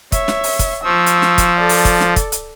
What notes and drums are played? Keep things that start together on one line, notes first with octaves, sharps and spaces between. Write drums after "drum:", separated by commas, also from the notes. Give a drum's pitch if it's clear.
C#5 E5, drum: kick, hi-hat
drum: snare
drum: open hi-hat
drum: kick, hi-hat
F3 C#6 E6
drum: hi-hat
drum: snare
drum: kick, hi-hat
A4 D5
drum: open hi-hat
drum: kick, hi-hat
drum: snare
drum: kick, hi-hat
drum: hi-hat